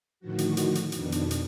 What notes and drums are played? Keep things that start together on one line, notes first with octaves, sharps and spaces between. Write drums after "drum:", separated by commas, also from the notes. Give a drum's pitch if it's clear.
A2 D3 D#3 F3 F#4
drum: hi-hat
drum: hi-hat
drum: hi-hat
F2 B2 D#3 D4, drum: hi-hat
drum: hi-hat
drum: hi-hat